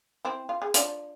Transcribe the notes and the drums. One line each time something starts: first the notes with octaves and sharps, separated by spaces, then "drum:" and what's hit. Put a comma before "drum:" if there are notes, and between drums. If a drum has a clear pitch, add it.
C4 E4
F4
G#4
D4 F4, drum: hi-hat